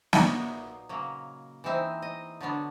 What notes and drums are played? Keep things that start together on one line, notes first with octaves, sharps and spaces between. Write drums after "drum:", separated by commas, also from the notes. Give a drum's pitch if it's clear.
A#2 F#3 B3 D#4 D5, drum: snare
C#3 F#3 A#3
E3 G#3 C4 D#4 E5
D#5
D3 F#3 B3 D4